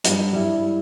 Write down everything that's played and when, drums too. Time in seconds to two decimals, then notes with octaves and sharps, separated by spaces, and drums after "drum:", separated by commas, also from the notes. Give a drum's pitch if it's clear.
0.04 G2, drum: hi-hat
0.33 G3 E4